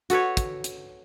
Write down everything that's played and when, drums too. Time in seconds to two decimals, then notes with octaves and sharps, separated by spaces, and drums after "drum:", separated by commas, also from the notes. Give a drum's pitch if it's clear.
0.10 F#4 A4 B4 C#5, drum: hi-hat
0.37 drum: kick, hi-hat
0.64 drum: hi-hat